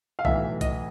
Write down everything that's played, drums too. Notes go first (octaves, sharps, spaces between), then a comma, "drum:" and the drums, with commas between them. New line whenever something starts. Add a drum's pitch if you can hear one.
F5
B1 A2 E3 E5, drum: kick
D#5, drum: kick, hi-hat